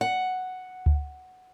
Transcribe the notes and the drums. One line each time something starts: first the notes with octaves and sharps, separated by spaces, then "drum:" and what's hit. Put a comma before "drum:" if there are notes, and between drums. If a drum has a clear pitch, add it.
F#5
drum: kick D2